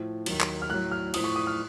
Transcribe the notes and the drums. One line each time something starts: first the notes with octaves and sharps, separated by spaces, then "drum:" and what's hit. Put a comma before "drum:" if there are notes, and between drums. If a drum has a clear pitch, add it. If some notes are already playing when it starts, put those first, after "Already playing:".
Already playing: A2 F3
D#2 D#3 F#3, drum: cymbal
drum: clap
F6
A2 F#3 F#6
F6
A2 F3 D#6, drum: cymbal
C#6
D#6
F6